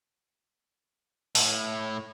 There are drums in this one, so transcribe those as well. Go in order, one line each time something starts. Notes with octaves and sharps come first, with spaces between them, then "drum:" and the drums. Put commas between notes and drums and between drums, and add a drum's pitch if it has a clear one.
A2 E4, drum: open hi-hat